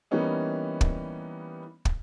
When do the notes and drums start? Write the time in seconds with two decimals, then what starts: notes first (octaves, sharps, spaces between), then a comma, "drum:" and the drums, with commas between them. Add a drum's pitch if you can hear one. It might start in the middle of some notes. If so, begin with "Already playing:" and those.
0.11 E3 G3 A#3 B3 C#4 D#4
0.81 drum: kick
1.85 drum: kick